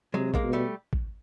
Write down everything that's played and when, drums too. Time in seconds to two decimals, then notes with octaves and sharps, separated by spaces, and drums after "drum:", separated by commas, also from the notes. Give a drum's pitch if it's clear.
0.14 C3 F#3 G#3
0.34 G#3 A#3, drum: kick A1
0.44 B2
0.53 G3 A3
0.93 drum: kick A1